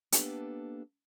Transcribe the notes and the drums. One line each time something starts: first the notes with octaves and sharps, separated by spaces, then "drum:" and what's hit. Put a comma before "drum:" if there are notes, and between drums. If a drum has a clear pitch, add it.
A#3 B3 D4 G4 A4 B4, drum: hi-hat